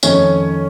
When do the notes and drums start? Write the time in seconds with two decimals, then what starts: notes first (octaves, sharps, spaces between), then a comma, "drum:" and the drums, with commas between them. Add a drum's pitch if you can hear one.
0.03 F2 D#3 A3 C#4, drum: tambourine